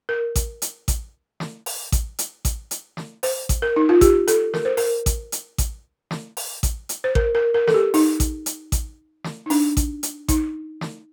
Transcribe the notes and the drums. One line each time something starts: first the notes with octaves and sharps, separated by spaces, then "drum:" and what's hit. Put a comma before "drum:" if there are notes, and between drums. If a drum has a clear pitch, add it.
A#4
drum: kick A1, hi-hat
drum: hi-hat
drum: kick A1, hi-hat
drum: snare
drum: open hi-hat
drum: kick A1, hi-hat
drum: hi-hat
drum: kick A1, hi-hat
drum: hi-hat
drum: snare
C5, drum: open hi-hat
drum: kick A1, hi-hat
A#4
D#4
F4
G4, drum: kick A1, hi-hat
A4, drum: hi-hat
A#4, drum: snare
C5
A#4, drum: open hi-hat
drum: kick A1, hi-hat
drum: hi-hat
drum: kick A1, hi-hat
drum: snare
drum: open hi-hat
drum: kick A1, hi-hat
drum: hi-hat
C5
A#4, drum: kick A1
A#4
A#4
A4, drum: snare
G4
D#4, drum: open hi-hat
drum: kick A1, hi-hat
drum: hi-hat
drum: kick A1, hi-hat
drum: snare
D#4
D4, drum: open hi-hat
drum: kick A1, hi-hat
drum: hi-hat
D#4, drum: kick A1, hi-hat
drum: snare